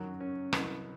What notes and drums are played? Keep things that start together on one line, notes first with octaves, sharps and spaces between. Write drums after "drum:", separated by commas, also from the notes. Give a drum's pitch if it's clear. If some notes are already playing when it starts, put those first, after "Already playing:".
Already playing: F#2 D#3 F#3
C#4
C2 B2 F#3 B3, drum: rim click